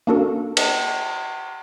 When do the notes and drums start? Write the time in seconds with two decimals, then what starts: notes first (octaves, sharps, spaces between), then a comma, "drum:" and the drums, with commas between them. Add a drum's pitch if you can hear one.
0.07 A#3 C#4 D4 F#4 A4 A#4
0.57 drum: cymbal